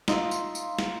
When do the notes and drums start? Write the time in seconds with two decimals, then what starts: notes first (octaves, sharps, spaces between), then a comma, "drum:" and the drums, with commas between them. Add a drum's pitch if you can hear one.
0.08 D#4 F4 E5, drum: snare
0.31 drum: tambourine
0.55 drum: tambourine
0.79 drum: snare